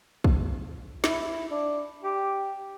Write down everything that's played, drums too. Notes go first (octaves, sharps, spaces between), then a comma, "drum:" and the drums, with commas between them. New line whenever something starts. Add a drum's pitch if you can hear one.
drum: kick
E4, drum: snare
D4
G4